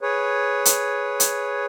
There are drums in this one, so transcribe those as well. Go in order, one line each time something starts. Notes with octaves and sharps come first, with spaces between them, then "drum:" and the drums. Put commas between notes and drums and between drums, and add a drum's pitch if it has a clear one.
G#4 B4 C#5
drum: hi-hat
drum: hi-hat